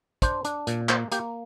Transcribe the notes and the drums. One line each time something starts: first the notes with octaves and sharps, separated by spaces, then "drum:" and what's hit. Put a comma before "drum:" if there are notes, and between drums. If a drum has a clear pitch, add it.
D4 C5, drum: kick, hi-hat
D4, drum: hi-hat
A#2, drum: hi-hat
A#3 C5, drum: clap
A#3 G4, drum: hi-hat